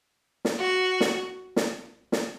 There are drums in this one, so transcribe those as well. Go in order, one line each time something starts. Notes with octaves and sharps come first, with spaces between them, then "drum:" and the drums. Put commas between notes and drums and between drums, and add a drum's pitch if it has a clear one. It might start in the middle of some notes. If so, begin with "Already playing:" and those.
drum: snare
F#4
drum: snare
drum: snare
drum: snare